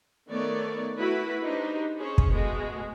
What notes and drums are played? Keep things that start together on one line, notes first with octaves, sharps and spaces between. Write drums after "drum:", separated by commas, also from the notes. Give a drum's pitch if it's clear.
D#3 A3 B3 C#5 D5
A3 E4 F#4 B4 B5
D4 D#4 G4 B4 C5
C#4 G#4 C5 C#5
drum: kick
G#3 A3 B3 F#4 G#4